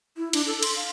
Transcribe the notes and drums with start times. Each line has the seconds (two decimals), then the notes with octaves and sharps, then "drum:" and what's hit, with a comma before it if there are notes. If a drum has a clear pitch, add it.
0.17 E4
0.33 D4, drum: cymbal
0.47 A4
0.63 C6, drum: cymbal
0.76 F5